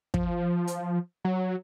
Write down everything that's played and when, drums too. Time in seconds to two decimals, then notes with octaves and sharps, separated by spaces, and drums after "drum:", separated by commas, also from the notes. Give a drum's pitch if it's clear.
0.14 F3, drum: kick
0.67 drum: hi-hat
1.24 F#3